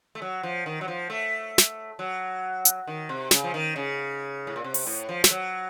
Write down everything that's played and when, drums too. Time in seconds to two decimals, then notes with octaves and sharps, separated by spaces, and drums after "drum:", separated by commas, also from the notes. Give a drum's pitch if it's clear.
0.15 A3
0.22 F#3
0.43 F3
0.66 D#3
0.81 F#3
0.88 F3
1.10 A3
1.58 drum: snare
1.99 F#3
2.65 drum: hi-hat
2.87 D#3
3.09 C3
3.31 C#3, drum: snare
3.44 F3
3.54 D#3
3.76 C#3
4.47 A2
4.56 A#2
4.64 C3
4.74 drum: open hi-hat
4.87 A2
5.09 F3
5.24 A3, drum: snare
5.31 F#3